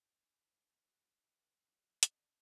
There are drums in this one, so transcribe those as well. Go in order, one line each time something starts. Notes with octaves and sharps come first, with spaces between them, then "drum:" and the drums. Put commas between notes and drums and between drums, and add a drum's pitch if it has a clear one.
D#4 G#5 D6
F3
D2 F#3 F#6
G2
C#2 G2 F#3
C2 C#4 D5 D#5 A5, drum: hi-hat